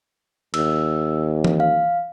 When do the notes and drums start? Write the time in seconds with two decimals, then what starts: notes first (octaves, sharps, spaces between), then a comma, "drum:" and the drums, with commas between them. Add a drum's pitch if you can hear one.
0.54 D#2 E6, drum: cymbal
1.44 drum: tom E3
1.60 F5